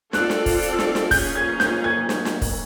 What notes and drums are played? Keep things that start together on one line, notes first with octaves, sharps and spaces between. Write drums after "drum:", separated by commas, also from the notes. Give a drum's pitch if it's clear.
C4 F4 A4 D5 F#6, drum: snare
drum: snare
drum: kick, open hi-hat
drum: hi-hat
drum: snare
drum: snare
C#4 F4 G#4 G6, drum: kick, open hi-hat
G#6
G6, drum: snare
G#6
drum: snare
drum: snare
drum: kick, open hi-hat